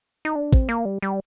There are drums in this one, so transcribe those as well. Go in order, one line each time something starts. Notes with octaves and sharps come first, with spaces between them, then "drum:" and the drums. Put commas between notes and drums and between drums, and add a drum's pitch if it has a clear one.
D#4
D4
C4, drum: kick
A#3
G3
G3